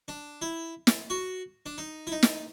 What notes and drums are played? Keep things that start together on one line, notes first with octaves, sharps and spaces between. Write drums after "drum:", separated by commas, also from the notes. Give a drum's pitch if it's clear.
D4
E4
drum: snare
F#4
D4
D#4
E4
D#4
drum: snare